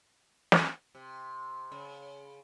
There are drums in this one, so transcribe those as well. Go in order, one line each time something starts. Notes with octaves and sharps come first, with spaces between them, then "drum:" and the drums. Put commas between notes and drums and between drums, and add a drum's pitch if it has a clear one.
drum: snare
C3
C#3